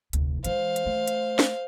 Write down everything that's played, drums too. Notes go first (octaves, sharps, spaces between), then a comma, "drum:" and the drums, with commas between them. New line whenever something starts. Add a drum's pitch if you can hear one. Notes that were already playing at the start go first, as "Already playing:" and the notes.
F1 D2, drum: hi-hat
E3 G#3 C5 F5, drum: hi-hat
drum: hi-hat
A3
drum: hi-hat
drum: snare